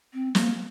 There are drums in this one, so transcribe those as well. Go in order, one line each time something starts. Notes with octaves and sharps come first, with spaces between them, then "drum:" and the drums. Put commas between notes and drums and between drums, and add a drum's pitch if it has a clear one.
C4
A#3, drum: snare